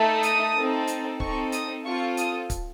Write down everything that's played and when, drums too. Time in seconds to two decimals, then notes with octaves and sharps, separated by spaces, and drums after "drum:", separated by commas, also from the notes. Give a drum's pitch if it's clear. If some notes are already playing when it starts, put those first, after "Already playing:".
Already playing: A3 D#4 A4
0.23 D#6, drum: hi-hat
0.56 C4 D#4 A4
0.87 drum: hi-hat
1.20 C4 D#4 A4 C#6, drum: kick
1.52 D#6, drum: hi-hat
1.85 C4 F4 A4 C#6
2.17 D#6, drum: hi-hat
2.50 drum: kick, hi-hat